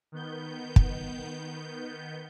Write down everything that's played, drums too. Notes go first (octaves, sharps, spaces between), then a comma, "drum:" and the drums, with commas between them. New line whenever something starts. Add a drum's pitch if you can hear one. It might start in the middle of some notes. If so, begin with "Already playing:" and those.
D#3 B3 G6
drum: kick